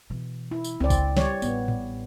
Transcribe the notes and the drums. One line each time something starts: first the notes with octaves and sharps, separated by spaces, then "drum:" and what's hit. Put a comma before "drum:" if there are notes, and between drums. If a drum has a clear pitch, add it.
B2 E3
E4
drum: tambourine
C#2 C4 D5
drum: kick, tambourine
G3 C#5 D5, drum: snare
A1 B3, drum: tambourine
drum: tom A2